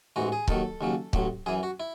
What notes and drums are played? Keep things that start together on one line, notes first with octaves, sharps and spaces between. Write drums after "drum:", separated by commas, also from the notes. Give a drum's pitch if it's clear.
A1 G#2 E3 F#4
G#4
D#2 D#3 F#3 A4, drum: kick C#1
D#2 C#3 F#3
A1 A2 F#3, drum: kick C#1
F#2 E3 G#4
F#4
E4